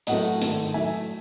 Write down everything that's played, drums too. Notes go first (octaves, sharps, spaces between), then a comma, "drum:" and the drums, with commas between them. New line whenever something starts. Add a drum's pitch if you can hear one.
A2 F#3 A3 D#5 F#5, drum: hi-hat
G#2 D#3 A3, drum: hi-hat
A2 F#3 A3 E5 G#5